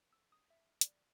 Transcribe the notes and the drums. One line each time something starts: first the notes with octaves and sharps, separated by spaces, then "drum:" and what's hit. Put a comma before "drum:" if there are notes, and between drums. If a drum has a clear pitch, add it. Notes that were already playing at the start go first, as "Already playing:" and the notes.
E6
D#6
E5
D5, drum: hi-hat